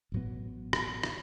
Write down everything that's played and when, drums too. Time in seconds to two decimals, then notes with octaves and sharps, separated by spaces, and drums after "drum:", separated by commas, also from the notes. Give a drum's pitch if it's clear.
0.12 A1 A2 F#3 B3
0.73 drum: rim click
1.03 drum: rim click